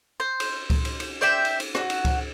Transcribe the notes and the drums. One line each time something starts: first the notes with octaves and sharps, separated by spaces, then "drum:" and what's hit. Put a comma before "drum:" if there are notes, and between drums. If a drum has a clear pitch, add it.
C5
drum: cymbal
drum: kick C#2, cymbal
drum: cymbal
drum: cymbal
C5 D5 E5 G5
drum: cymbal
drum: cymbal
F#4, drum: rim click
drum: cymbal
drum: kick C#2, cymbal